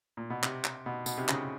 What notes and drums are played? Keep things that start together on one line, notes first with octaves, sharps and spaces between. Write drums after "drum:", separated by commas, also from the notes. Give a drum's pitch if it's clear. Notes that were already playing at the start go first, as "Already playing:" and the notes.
A#2
B2
C3, drum: clap
drum: clap
B2
B2, drum: tambourine
C3
C#3, drum: clap